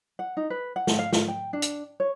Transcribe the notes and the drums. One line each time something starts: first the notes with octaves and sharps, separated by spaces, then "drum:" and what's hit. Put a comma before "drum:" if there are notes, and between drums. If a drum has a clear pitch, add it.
F#5
D#4
B4
F#5
drum: snare
F5
F4, drum: snare
G5
D4
drum: hi-hat
C#5